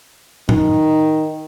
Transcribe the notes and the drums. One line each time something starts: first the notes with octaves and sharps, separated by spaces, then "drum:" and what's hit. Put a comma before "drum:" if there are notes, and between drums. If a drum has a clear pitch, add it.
D#3, drum: tom A2